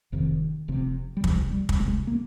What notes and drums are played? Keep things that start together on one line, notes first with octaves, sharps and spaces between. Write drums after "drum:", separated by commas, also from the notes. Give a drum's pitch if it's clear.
F1 F2 C3 D#3
F1 F2 C3
G3
C#2 C3 F3, drum: kick
G3
drum: kick
C#2 C3 G#3
A#3